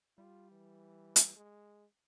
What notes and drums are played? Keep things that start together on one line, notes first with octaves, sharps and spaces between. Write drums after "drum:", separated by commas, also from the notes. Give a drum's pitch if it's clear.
G3 F4
E3
drum: hi-hat
G#3